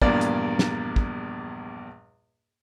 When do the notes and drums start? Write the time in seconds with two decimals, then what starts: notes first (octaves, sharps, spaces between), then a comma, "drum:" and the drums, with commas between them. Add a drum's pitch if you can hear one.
0.02 A#1 E2 G2 A#3 D5 A#5, drum: kick
0.21 drum: hi-hat
0.59 drum: snare
0.96 drum: kick